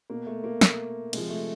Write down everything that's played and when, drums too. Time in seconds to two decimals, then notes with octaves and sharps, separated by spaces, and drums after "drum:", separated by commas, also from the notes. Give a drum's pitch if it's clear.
0.10 B2 A#3
0.27 A3
0.44 A#3
0.61 B2, drum: snare
1.13 C3 F3 G#3, drum: cymbal
1.30 A3